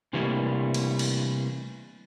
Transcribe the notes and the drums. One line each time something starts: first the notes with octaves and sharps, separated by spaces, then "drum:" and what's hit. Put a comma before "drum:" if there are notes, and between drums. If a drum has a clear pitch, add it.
C3 E3 G3 A3 A#3
drum: cymbal
drum: cymbal